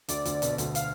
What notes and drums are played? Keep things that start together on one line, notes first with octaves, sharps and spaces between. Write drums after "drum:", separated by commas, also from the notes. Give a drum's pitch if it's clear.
D2 D3 D5, drum: hi-hat
D2 D3, drum: hi-hat
B1 B2, drum: hi-hat
D2 D3, drum: hi-hat
F5, drum: hi-hat